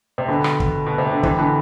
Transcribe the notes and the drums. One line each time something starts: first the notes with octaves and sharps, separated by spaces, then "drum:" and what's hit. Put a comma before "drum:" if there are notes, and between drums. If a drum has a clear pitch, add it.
C3
B2 D3
drum: rim click
drum: kick
B2
C3
D3
C3 E3, drum: kick
B2 D3